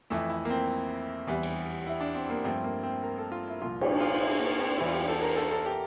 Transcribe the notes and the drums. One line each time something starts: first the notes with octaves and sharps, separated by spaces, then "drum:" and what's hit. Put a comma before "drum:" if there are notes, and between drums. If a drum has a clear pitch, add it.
F2 E3 A3 E4
E4
A#3
C4
E2 E3 G3
drum: cymbal
E4
D4
C4
A#3
G2 F3 A3 C4
A#3
C4
A#4
A4
F4
E4
C2 A#2 F3 F4
G4, drum: cymbal
F4
F4
E4
A#3
C4
E2 E3 G3 E4
F4
G4
A4
A#4
A4
A4
G4